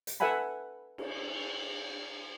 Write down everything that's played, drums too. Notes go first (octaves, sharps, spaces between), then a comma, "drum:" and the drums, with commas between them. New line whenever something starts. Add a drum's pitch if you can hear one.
drum: hi-hat
A4 B4 E5 F#5 G#5 B5
drum: cymbal